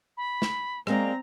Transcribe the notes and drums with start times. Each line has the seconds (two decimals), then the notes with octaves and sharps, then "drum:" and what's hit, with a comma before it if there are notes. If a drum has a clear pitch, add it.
0.17 B5
0.42 drum: snare
0.87 G#3 A#3 C4 D5 A#5, drum: rim click